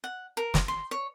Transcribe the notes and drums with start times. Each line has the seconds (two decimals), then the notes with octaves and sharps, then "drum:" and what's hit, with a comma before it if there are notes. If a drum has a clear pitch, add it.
0.04 F#5
0.37 A#4
0.54 drum: snare
0.68 C6
0.91 C#5